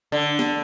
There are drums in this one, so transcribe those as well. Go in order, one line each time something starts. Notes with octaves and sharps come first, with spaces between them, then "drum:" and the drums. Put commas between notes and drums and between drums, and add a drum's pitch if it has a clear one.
D3
drum: snare B3